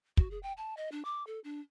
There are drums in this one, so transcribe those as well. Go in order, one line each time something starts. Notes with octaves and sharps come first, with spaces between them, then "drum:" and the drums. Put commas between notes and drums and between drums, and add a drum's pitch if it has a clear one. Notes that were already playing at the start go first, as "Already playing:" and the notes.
F#4, drum: kick
G#4
G5
A5
D#5
D4
D6
A4
D4